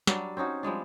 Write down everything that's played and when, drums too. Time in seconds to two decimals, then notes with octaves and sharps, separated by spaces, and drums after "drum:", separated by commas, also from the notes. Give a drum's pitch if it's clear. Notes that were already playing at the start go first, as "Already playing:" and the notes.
0.07 F#3 G3 D4, drum: snare
0.37 C4 C#4 D#4 F#4
0.63 F3 G3 G#3 D4